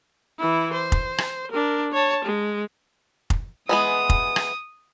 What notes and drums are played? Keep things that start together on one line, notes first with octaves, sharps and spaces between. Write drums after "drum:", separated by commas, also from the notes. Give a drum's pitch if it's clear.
E3 E4
C5
drum: kick F1
drum: rim click
D4 A#4
C#5 A5
G#3
drum: kick F1
E3 G#3 B3 D#6
drum: kick F1
drum: rim click